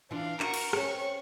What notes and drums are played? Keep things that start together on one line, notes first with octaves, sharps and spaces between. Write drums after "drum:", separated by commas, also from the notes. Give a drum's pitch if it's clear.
E3 D4 F4 F5
F#4 A#4 C#6, drum: clap
drum: cymbal
C4 C#4 C#6, drum: rim click